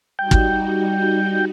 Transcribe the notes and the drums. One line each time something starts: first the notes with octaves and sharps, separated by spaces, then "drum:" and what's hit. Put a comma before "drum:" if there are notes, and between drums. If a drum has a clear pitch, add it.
G3 D#4 F#4 G5
drum: kick